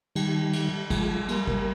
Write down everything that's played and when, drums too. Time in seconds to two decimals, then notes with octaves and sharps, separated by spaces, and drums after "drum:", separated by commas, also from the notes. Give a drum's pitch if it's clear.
0.16 D#3 G3, drum: cymbal
0.53 drum: cymbal
0.90 F3 G#3, drum: kick, cymbal
1.28 G3 A#3, drum: cymbal
1.47 drum: kick